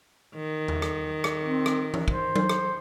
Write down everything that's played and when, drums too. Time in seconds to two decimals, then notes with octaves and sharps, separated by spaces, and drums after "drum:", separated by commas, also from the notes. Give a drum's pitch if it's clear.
0.35 D#3
0.68 drum: tom E2
0.82 drum: rim click
1.24 drum: rim click
1.43 C4
1.66 drum: rim click
1.94 drum: tom
2.08 C5, drum: kick
2.36 drum: tom F#3
2.49 drum: rim click